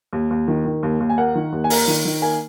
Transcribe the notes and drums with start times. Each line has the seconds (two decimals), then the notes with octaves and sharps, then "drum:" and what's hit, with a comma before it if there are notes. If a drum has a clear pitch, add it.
0.13 D#2
0.31 D#2
0.48 D#3
0.65 D#3
0.83 D#2
1.00 D#2
1.09 G#5
1.18 A#3 F#5
1.35 D#3
1.52 D#2
1.64 G#5
1.70 A#3 A#5, drum: open hi-hat
1.88 D#3
2.05 D#3
2.22 A#3 G#5